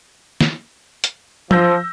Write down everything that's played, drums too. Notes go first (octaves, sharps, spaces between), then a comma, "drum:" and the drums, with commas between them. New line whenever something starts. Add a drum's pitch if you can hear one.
drum: snare
drum: hi-hat
F3 E6 G6 A#6, drum: tom F3